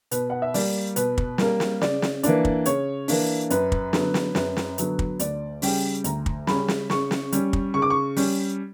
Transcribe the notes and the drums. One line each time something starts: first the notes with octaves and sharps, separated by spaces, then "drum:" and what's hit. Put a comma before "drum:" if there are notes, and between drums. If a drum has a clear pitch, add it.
B2 B4, drum: hi-hat
F#5
E5
G3 A#3 D5, drum: open hi-hat
B2 B4, drum: hi-hat
drum: kick
G3 A#3 A#4, drum: snare
drum: snare
C#3 D5, drum: snare
drum: snare
E3 A#3 D4 D5, drum: hi-hat
drum: kick
C#3 C#5, drum: hi-hat
E3 A#3 D4, drum: open hi-hat
F#2 B4, drum: hi-hat
drum: kick
D3 F#3 B3, drum: snare
drum: snare
F#2 B4, drum: snare
drum: snare
D3 F#3 B3, drum: hi-hat
drum: kick
D2 D5, drum: hi-hat
C#3 G3 C#4 G5, drum: open hi-hat
D2 A#5, drum: hi-hat
drum: kick
C#3 G3 C#4 B5, drum: snare
drum: snare
C#3 C#6, drum: snare
drum: snare
G3 C#4, drum: hi-hat
drum: kick
C#3 C#6
D6
C#6
G3 C#4, drum: open hi-hat